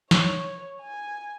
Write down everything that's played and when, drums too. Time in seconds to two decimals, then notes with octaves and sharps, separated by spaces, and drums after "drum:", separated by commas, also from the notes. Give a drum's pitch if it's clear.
0.11 C#5, drum: snare
0.82 G#5